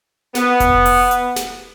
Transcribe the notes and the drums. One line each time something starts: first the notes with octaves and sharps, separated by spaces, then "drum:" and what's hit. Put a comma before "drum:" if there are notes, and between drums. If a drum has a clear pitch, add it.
B3, drum: snare
drum: kick F1, hi-hat
drum: open hi-hat
drum: hi-hat
drum: snare